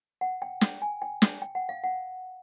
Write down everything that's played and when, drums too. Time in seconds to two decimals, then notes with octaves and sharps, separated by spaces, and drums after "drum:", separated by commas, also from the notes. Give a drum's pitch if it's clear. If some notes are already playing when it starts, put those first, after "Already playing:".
0.21 F#5
0.42 G5
0.61 G5, drum: snare
0.82 G#5
1.02 G5
1.22 drum: snare
1.42 G5
1.55 F#5
1.69 F5
1.84 F#5